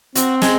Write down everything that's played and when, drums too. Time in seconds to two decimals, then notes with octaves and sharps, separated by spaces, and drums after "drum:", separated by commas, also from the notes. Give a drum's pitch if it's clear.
0.16 C4 F#4, drum: hi-hat
0.42 G#3, drum: snare